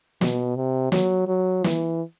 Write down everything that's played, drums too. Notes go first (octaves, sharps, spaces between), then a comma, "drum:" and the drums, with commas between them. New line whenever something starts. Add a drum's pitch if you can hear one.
B2, drum: snare
C3
F#3, drum: snare
F#3
E3, drum: snare